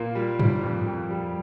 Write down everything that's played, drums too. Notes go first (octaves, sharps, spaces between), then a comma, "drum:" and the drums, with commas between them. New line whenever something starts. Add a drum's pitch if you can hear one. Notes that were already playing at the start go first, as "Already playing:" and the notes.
Already playing: A#2 A#3
G3
G3, drum: tom G2
F2
F2
G3